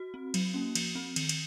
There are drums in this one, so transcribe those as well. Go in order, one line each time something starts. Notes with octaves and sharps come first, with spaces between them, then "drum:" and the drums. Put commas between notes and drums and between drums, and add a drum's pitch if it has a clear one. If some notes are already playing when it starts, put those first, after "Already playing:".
Already playing: F#4
C4
F#3, drum: cymbal
A#3 C#4
F3, drum: cymbal
C4
D#3, drum: cymbal
drum: cymbal